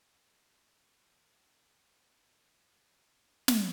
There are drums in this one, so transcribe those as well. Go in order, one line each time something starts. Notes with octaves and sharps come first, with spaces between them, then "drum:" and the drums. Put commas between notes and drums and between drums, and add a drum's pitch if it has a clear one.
G4 A4 B4 C#5
C#4 F#4 A#4 B4
A4 F#5 G#5
G#3
C#5
B4
drum: snare